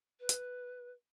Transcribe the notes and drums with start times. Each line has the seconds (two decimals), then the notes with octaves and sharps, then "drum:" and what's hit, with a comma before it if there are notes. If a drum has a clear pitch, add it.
0.19 B4
0.29 drum: hi-hat